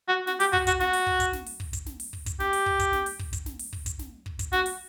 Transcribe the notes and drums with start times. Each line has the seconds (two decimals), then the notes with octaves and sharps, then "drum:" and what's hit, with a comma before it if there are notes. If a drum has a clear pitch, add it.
0.08 F#4
0.27 F#4, drum: snare
0.40 G4, drum: open hi-hat
0.53 F#4, drum: kick
0.67 F#4, drum: kick, hi-hat
0.80 F#4, drum: snare
0.93 drum: open hi-hat
1.07 drum: kick
1.20 drum: kick, hi-hat
1.33 drum: snare
1.46 drum: open hi-hat
1.60 drum: kick
1.73 drum: kick, hi-hat
1.86 drum: snare
2.00 drum: open hi-hat
2.13 drum: kick
2.26 drum: kick, hi-hat
2.40 G4, drum: snare
2.53 drum: open hi-hat
2.66 drum: kick
2.79 drum: kick, hi-hat
2.93 drum: snare
3.06 drum: open hi-hat
3.19 drum: kick
3.33 drum: kick, hi-hat
3.46 drum: snare
3.59 drum: open hi-hat
3.73 drum: kick
3.86 drum: kick, hi-hat
3.99 drum: snare
4.26 drum: kick
4.39 drum: kick, hi-hat
4.53 F#4, drum: snare
4.66 drum: open hi-hat